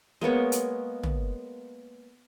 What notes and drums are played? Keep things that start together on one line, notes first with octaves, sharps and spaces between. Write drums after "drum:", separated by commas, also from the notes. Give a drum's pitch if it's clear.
G#3 A#3 B3 C#5
drum: hi-hat
drum: tom